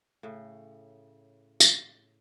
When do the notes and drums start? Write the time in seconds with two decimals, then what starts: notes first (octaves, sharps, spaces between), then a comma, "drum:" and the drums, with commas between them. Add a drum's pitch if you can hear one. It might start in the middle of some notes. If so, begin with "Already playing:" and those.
0.23 A2 C#3
1.60 drum: tambourine